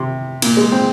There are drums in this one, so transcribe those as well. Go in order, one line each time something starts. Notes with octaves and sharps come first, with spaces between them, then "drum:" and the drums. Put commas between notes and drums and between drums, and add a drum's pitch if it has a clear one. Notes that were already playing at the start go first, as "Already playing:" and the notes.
Already playing: C3
A#2, drum: cymbal
G#3
C4